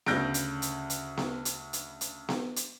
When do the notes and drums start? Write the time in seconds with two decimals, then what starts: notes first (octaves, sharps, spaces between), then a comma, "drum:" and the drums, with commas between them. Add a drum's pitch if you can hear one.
0.06 D2 C#3 G6 A#6 D7, drum: snare B3
0.34 drum: hi-hat
0.62 drum: hi-hat
0.90 drum: hi-hat
1.17 drum: snare B3
1.45 drum: hi-hat
1.73 drum: hi-hat
2.01 drum: hi-hat
2.29 drum: snare B3
2.56 drum: hi-hat